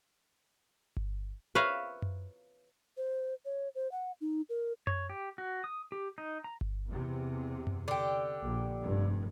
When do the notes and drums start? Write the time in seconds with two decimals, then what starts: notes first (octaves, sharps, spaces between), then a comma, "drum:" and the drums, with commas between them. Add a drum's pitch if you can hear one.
0.97 drum: kick G1
1.55 B4 C#5 E5 F5 A#5
2.02 drum: tom F#2
2.97 C5
3.45 C#5
3.75 C5
3.92 F#5
4.21 D#4
4.49 A#4
4.87 C#5, drum: tom F#2
5.10 G4
5.38 F#4
5.64 D#6
5.92 G4
6.18 D#4
6.44 A#5
6.61 drum: kick G1
6.87 E2 C3
7.67 drum: tom F#2
7.88 D3 G4
8.42 A#1
8.81 F1 G2